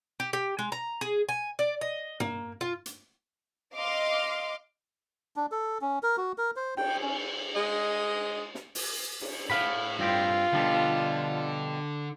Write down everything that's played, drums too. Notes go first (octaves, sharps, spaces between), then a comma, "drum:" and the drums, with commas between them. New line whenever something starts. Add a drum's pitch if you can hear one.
G4
G4
G#3
A#5
G#4
G#5
D5
D#5
A#3, drum: tom
F4
drum: hi-hat
D#5 F5 C6 D6 F6
D4
A4
C#4
A#4
F#4
A#4
C5
G5, drum: cymbal
C#4
G#3 D#5
drum: snare
drum: open hi-hat
drum: cymbal
A2 F5 F#5 B5
G2 C4 F4 G4
B2 D3 F3 G3